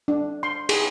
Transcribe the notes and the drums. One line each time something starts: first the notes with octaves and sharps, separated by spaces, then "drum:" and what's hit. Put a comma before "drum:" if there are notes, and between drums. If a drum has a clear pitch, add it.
D4
C6
G#4, drum: cymbal